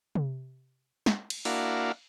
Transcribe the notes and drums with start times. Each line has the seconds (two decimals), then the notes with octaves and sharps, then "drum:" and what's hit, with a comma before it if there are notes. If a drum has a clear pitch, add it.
0.15 drum: tom C3
1.06 drum: snare
1.30 drum: cymbal
1.45 A#3 D4 E4 F#4 F5, drum: open hi-hat